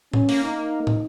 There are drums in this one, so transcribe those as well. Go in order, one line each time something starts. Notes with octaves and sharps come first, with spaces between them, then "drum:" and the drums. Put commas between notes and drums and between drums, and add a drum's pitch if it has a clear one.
C#4, drum: tom
A#3, drum: open hi-hat
D#4
drum: tom